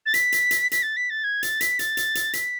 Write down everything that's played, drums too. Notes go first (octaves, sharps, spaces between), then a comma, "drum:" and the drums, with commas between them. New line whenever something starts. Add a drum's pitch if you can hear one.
A6
B6, drum: hi-hat
drum: hi-hat
drum: hi-hat
B6, drum: hi-hat
A6
B6
A6
G#6
A6, drum: hi-hat
B6, drum: hi-hat
A6, drum: hi-hat
drum: hi-hat
drum: hi-hat
B6, drum: hi-hat